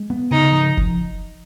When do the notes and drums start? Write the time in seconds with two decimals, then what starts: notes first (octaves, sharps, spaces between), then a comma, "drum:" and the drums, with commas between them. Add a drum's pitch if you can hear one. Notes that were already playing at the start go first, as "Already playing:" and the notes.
Already playing: G#3
0.10 B3
0.31 C#3 D#4
0.52 F3
0.77 drum: kick F1